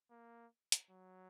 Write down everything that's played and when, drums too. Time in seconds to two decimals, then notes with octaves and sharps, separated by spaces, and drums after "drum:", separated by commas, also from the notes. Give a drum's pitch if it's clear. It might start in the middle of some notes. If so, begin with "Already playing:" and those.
0.10 A#3
0.72 drum: hi-hat
0.90 F#3